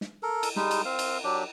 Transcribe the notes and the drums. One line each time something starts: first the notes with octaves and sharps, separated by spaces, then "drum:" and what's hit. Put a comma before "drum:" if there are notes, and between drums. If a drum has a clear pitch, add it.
drum: snare
A4 A#4
drum: cymbal
G3 G#3 D#4, drum: snare
drum: cymbal
C4 F5
drum: cymbal
F#3 D4 G4